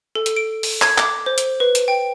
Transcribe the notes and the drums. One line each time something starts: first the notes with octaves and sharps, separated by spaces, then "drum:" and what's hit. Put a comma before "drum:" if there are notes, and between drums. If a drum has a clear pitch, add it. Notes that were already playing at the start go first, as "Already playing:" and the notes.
A4
drum: hi-hat
D7
drum: open hi-hat
G#6, drum: clap
D6, drum: clap
C5
drum: hi-hat
B4
drum: hi-hat
G5